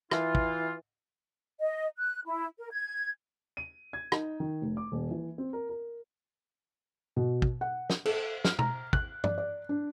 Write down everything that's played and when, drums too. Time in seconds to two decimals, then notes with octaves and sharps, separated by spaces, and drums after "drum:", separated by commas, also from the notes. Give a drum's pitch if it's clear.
0.11 E3 F4, drum: rim click
0.35 drum: kick
1.60 D#5
1.98 F#6
2.26 E4
2.58 A#4
2.71 G#6
3.57 D#7
3.93 G#6
4.12 D#4, drum: rim click
4.40 D#3
4.62 F1
4.77 D6
4.92 D#1
5.11 E3
5.38 C4
5.53 A#4
5.69 A#4
7.16 B2
7.42 drum: kick
7.61 F#5
7.90 drum: snare
8.05 A4, drum: cymbal
8.45 F6, drum: snare
8.59 A#5, drum: tom B2
8.93 F#6, drum: kick
9.24 D5, drum: tom G2
9.38 D5
9.69 D4